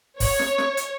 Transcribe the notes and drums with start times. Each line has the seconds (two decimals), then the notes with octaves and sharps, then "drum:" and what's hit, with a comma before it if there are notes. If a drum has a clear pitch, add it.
0.20 C#5, drum: kick G1, open hi-hat
0.39 drum: snare
0.58 drum: snare
0.77 drum: hi-hat